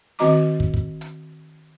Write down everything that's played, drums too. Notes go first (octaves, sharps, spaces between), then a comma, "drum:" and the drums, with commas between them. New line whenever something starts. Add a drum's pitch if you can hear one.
D#3 C4 F#4 D#5 A#5 D6
drum: kick
drum: kick
drum: hi-hat